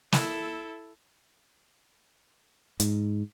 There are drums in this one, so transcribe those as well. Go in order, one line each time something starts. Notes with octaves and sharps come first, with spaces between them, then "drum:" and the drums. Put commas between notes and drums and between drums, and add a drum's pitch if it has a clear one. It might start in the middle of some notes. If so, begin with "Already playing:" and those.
E4 A4, drum: snare
G#2, drum: hi-hat